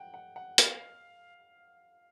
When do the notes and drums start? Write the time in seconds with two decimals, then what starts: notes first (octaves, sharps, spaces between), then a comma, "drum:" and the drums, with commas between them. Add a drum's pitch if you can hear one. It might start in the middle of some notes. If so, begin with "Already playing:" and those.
Already playing: F#5 G5
0.14 F#5
0.36 F#5
0.58 F5, drum: hi-hat